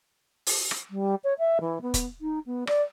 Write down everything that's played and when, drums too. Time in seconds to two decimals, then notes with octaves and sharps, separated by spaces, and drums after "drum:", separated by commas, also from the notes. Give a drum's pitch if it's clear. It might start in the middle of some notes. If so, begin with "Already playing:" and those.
0.46 drum: open hi-hat
0.71 drum: rim click
0.90 G3
1.24 C#5
1.39 E5
1.61 E3
1.82 B3
1.94 drum: kick, hi-hat
2.21 D#4
2.46 B3
2.67 D5, drum: rim click